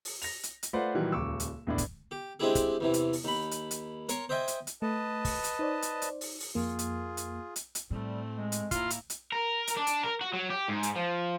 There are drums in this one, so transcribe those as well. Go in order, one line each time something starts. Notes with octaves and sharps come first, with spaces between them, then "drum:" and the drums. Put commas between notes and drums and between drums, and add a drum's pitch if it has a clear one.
drum: open hi-hat
A#6 F7, drum: open hi-hat
drum: hi-hat
drum: hi-hat
A3 F4 B4 C5 D5 F#5
A#2 D#3 E3 F#3 G3
D#1 C#2 C#6 D6 E6
drum: hi-hat
E2 A2 D4
drum: kick, hi-hat
G4
G#3 C4 D4 E4 G4 G#4
drum: kick, hi-hat
E2 C3 E3
drum: hi-hat
drum: open hi-hat
D#2 B5
drum: hi-hat
drum: hi-hat
A#4 C#5 C6 C#6, drum: hi-hat
C5 D#5 E5 G5 G#5
drum: hi-hat
drum: hi-hat
A3 B4 D#5 A5
drum: kick, open hi-hat
drum: hi-hat
D#4 C5 D5
drum: hi-hat
drum: hi-hat
drum: open hi-hat
drum: open hi-hat
F2 A#3 F4 G#4
drum: hi-hat
drum: hi-hat
drum: hi-hat
drum: hi-hat
A2 G3 A3 C4
G#3
drum: hi-hat
A2 A#3 E4 F4 A#5 C6, drum: kick, hi-hat
drum: hi-hat
drum: hi-hat
A#4
drum: hi-hat
D4
drum: hi-hat
A#4
F#4
F#3
G4
G#2
drum: hi-hat
F3